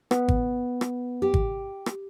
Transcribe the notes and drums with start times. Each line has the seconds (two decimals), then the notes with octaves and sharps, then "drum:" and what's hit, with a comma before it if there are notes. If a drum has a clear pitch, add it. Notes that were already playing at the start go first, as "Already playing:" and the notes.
0.11 B3, drum: rim click
0.28 drum: kick G#1
0.81 drum: rim click
1.22 G4
1.34 drum: kick G#1
1.86 drum: rim click